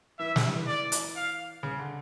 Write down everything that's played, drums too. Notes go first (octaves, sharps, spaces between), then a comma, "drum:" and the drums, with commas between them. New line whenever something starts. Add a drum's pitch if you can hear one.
E3 E5
G3, drum: snare
E3
D5
drum: hi-hat
F5
C#3
D3